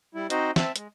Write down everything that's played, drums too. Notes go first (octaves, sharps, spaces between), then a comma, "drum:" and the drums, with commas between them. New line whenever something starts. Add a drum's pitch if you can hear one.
G3 E4
C4 D#4 F#4 C5 D#5, drum: hi-hat
C4 E5 A5, drum: snare
G#3, drum: hi-hat